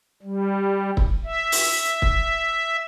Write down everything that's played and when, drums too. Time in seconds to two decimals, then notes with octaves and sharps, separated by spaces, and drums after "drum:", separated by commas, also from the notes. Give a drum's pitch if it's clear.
0.22 G3
0.97 drum: kick
1.25 E5
1.52 drum: open hi-hat
2.02 drum: kick